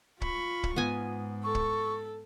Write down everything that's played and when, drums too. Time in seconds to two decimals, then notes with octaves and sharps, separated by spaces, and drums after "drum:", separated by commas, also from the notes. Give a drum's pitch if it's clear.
0.22 F4 B5 C#6, drum: kick
0.63 drum: kick
0.76 G#2 B3 D#5 G#5
1.44 A4 C#6
1.55 drum: kick